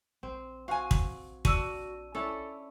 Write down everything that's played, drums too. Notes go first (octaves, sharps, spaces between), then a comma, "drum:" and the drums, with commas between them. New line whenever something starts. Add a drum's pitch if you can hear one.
A#1 C4
C4 F#4 F5 G#5
drum: kick
D4 F#4 E6 D#7, drum: kick
C#4 D4 E4 A4